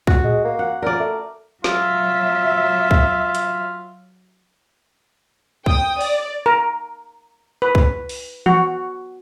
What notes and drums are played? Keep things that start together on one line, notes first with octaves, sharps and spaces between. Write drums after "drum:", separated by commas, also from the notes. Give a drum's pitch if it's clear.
F#4, drum: kick
G#3, drum: tom A2
A#3
F#5
A#2 A#4 D5
A3
F#3 F4 E5, drum: snare
drum: kick
drum: hi-hat
G5 D#6, drum: kick
D5, drum: open hi-hat
A#4
B4
drum: kick
drum: open hi-hat
F#4, drum: tom E3